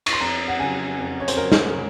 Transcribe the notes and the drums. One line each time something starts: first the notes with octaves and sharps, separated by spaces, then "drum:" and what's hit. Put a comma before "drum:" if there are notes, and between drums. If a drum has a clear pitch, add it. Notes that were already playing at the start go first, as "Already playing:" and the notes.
C#6, drum: cymbal
C6
F2 A#5
F#5
C#3 F#3 G#5
F2
C#5
C5, drum: hi-hat
C#3 F#3 A#4
drum: snare